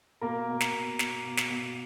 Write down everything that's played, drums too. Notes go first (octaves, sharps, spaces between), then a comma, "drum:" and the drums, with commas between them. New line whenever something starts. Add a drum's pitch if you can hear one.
B2 A#3 A#4
B2
drum: snare
B2
B2, drum: snare
B2
drum: snare
B2